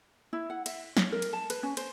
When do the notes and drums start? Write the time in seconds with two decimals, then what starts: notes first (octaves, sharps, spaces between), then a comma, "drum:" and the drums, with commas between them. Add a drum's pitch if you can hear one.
0.33 E4
0.50 F#5
0.66 E5, drum: cymbal
0.97 C#5, drum: snare
1.12 A#4
1.22 drum: cymbal
1.33 A5
1.50 B4, drum: cymbal
1.63 C#4
1.77 C5, drum: cymbal